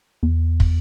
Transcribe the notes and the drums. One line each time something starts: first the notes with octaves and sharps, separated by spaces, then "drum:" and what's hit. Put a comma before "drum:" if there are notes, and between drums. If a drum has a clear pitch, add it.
E2
drum: kick